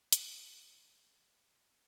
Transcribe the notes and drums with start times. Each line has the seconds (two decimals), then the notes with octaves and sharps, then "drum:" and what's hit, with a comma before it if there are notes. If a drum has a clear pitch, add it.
0.12 drum: hi-hat
0.40 F#2 C#7
0.63 D#3 F3 F#3 G#3 F4 A#4
0.82 D4 D#4 A4 B4 C#5
1.04 F#1 A5 C7
1.32 G#3
1.71 A3 C4 G4 B4 C5 F5